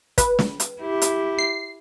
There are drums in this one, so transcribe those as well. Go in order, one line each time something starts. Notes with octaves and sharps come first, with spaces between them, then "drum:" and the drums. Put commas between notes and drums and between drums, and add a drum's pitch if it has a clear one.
B4, drum: kick, hi-hat
drum: snare
drum: hi-hat
E4 G4
drum: hi-hat
C7